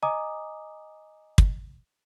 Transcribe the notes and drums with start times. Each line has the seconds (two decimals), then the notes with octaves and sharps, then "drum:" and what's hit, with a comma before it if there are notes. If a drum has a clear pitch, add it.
0.02 D#5 G#5 A#5 D6 D#6
1.38 drum: kick